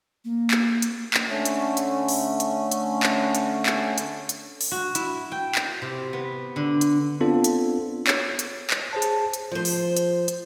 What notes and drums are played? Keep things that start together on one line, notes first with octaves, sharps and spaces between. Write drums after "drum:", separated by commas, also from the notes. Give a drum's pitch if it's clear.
A#3
drum: clap
drum: hi-hat
drum: clap
D3 A3 C#4
drum: hi-hat
drum: hi-hat
drum: open hi-hat
drum: hi-hat
drum: hi-hat
drum: clap
drum: hi-hat
drum: clap
drum: hi-hat
drum: hi-hat
drum: open hi-hat
F#4
E4, drum: hi-hat
G5
drum: clap
C3
B3
D3
drum: hi-hat
B3 C4 D4 F4 A4
drum: hi-hat
C#5, drum: clap
drum: hi-hat
drum: clap
G#4 C5 A5
drum: hi-hat
drum: hi-hat
F3 C5
drum: open hi-hat
drum: hi-hat
drum: hi-hat